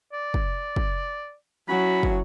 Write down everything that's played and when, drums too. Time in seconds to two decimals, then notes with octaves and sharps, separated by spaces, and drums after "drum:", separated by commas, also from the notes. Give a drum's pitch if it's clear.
0.13 D5
0.34 drum: kick
0.76 drum: kick
1.69 F#3 C#4 E4 F#4 B5
2.03 drum: kick